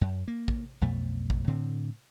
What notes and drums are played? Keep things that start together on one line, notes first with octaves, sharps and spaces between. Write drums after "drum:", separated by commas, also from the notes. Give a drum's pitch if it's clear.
F#2
A#3
drum: kick
B1 F2 B2 A3
drum: kick
A2 D3 C4